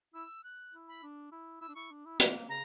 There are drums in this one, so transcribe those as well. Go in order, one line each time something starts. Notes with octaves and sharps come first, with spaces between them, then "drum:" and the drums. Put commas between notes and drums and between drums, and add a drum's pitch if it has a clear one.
E4 E6
F#6
E4
B5
D4
E4
E4 E6
D4
E4 C#6
D4
E4
A#3, drum: hi-hat
C#3 A#5